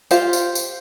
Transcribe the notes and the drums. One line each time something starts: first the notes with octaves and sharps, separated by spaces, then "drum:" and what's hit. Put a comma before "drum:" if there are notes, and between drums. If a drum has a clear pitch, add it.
F4 G4 C5 F5, drum: tambourine
drum: tambourine
drum: tambourine